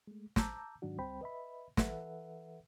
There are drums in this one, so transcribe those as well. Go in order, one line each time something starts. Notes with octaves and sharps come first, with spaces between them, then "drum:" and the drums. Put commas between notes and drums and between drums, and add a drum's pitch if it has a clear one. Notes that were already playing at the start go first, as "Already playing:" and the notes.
G#3 A3
A5 A#5 D6 E6 G6, drum: snare
G#2 D#3 F#3 D4 F#4
C#2 G3 C4 C5 G5 B5
B4 D#5 E5 B5
E3 A4 B4 E5 F#5, drum: snare